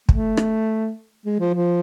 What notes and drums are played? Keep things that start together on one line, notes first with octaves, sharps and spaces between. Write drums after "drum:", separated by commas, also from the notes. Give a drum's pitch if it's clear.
A3, drum: kick
drum: rim click
G#3
F3
F3